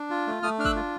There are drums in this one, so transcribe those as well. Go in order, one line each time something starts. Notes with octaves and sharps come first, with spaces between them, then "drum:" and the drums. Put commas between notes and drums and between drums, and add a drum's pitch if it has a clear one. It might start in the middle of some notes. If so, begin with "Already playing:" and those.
Already playing: D4
F4
A3
A3 D#6 F6
D4 F6
E6 F#6, drum: kick G1
F4